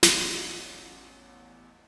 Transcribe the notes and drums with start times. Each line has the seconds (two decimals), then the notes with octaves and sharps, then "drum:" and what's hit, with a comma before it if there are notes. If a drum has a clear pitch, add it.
0.03 A1 E2 D#5 D6, drum: snare